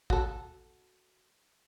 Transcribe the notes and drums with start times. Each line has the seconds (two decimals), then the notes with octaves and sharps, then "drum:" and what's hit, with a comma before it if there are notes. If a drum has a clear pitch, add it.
0.10 F#4 A4, drum: kick